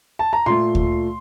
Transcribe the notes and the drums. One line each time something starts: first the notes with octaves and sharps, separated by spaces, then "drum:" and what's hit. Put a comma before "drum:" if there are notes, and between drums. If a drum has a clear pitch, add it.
A5
A#5
A#2 A3 C6
drum: kick D2